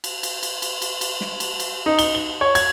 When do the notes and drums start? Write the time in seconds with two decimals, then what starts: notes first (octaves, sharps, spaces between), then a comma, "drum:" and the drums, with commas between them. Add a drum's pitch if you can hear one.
0.04 drum: cymbal
0.23 drum: cymbal
0.43 drum: cymbal
0.62 drum: cymbal
0.82 drum: cymbal
1.01 drum: cymbal
1.21 drum: snare
1.40 drum: cymbal
1.60 drum: cymbal
1.86 D#4
1.99 G7, drum: cymbal
2.15 G7
2.41 C#5
2.55 G#6, drum: cymbal